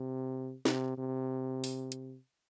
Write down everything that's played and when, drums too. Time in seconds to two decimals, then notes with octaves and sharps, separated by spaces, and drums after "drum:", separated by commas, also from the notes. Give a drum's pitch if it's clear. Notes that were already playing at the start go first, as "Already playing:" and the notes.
Already playing: C3
0.65 C3, drum: snare
0.98 C3
1.64 drum: open hi-hat
1.92 drum: hi-hat